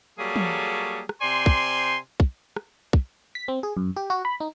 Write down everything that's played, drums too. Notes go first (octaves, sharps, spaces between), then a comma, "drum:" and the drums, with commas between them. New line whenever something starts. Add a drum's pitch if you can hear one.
F#3 G3 A#3 G#4 A4 C#5
drum: tom
drum: rim click
C3 C5 D5 G#5 C6
drum: kick
drum: kick
drum: rim click
drum: kick
B6
C4
G#4
F#2
G4
F#4
B5
D#4